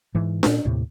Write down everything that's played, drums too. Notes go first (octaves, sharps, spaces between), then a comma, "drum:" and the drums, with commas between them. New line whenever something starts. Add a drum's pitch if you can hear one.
G#2 E3
A#2 C#4, drum: snare D4
D#2 A2 C3